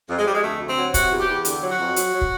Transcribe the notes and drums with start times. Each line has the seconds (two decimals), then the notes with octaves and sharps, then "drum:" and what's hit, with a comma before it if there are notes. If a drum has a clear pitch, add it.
0.10 F2
0.18 G#3
0.26 F2 G3
0.34 G#3
0.43 D2 A3
0.60 D2
0.69 C4
0.77 F#3
0.94 C3 F#4, drum: kick, hi-hat
1.11 E2
1.20 G4
1.28 E2
1.45 D3 G4, drum: hi-hat
1.62 F#3
1.70 F#4
1.79 F2
1.96 F#3, drum: hi-hat
2.12 F#3
2.21 drum: kick